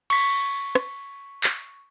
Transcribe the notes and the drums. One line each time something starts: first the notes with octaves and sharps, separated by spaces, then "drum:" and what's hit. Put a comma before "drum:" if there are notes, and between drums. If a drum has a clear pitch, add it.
C#6 B6, drum: cymbal
drum: rim click
drum: clap